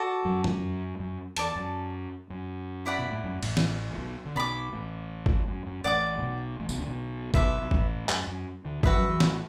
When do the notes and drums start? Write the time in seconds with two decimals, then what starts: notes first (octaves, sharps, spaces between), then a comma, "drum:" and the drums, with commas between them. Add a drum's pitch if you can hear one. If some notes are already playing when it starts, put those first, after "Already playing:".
Already playing: F#4 A4 D5
0.25 F#2 F#3
0.44 drum: tom F2
1.00 F#2 F#3
1.36 E2 A4 D5 A5, drum: hi-hat
1.56 F#2
2.30 F#2
2.86 E4 D5 F#5 B5
2.99 B2
3.11 A2
3.24 F#2
3.43 A1 A2, drum: cymbal
3.57 drum: snare
3.93 A2
3.98 B1 B2
4.25 D3
4.35 B1 B2 D5 B5 D6
4.73 A1 A2
5.26 drum: kick G1
5.48 F#2
5.66 F#2
5.84 A1 A2 D5 F#5 D6
6.18 A2
6.22 B1 B2
6.59 A1 A2
6.69 B1 B2, drum: tambourine
6.78 D2 D3
6.87 B1 B2
7.34 B1 B2 B4 E5 B5 D6, drum: kick G1
7.61 B2
7.71 A1 A2, drum: kick G1
8.09 F#2, drum: clap
8.27 F#2
8.65 D2 D3
8.83 E2 E3 F#4 B4 E5, drum: kick G1
8.96 F#2 F#3
9.08 E2 E3
9.20 A1 A2, drum: snare